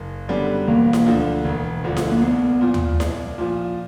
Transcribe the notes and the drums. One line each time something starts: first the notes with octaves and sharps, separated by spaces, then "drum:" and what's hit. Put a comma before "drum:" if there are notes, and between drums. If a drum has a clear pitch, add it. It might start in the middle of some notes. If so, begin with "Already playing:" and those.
Already playing: F#1
F#2 D3 G3 B3
E1 A#3
drum: snare E4
D2 D3 F3
E1
D2 D3 F3
drum: snare E4
A#3
C2 B3
A#2 F3
drum: tom D#2
C2, drum: snare E4
A#2 F3